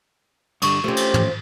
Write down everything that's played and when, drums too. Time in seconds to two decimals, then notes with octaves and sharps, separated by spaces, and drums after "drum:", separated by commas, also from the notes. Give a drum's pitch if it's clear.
0.62 G2 D3 G3 C#6 D#6, drum: cymbal
0.84 F3 A3 C4 C#4 G4
0.97 drum: cymbal
1.14 drum: tom